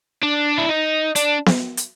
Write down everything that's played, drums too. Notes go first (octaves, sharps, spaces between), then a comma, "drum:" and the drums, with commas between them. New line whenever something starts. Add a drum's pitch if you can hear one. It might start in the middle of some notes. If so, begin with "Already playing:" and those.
D4
E4
D#4
D4, drum: hi-hat
drum: snare B3
drum: hi-hat